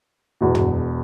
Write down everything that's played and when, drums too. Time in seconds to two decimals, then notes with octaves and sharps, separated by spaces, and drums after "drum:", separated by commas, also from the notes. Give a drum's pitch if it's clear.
0.41 E1 E2 B2
0.55 drum: tom